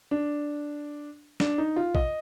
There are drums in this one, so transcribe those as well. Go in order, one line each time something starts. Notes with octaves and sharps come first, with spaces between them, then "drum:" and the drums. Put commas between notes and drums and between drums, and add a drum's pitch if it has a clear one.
D4
D4, drum: snare
D#4
F4
D#5, drum: kick A#1